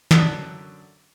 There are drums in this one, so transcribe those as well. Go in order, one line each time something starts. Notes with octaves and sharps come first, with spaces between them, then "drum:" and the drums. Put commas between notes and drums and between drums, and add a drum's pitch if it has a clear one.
F#2 D3 F#3 D4 D#6 F#6, drum: snare